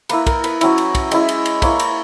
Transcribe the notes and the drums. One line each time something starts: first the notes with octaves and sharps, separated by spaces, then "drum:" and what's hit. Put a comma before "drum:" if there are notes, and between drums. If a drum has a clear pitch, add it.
A#3 E4 B4, drum: cymbal
A#4, drum: kick, cymbal
B4, drum: cymbal
F#3 C#4 E4, drum: cymbal
drum: cymbal
drum: kick, cymbal
G#3 C#4 E4, drum: cymbal
drum: cymbal
drum: cymbal
A#3 E4 C#5, drum: kick, cymbal
drum: cymbal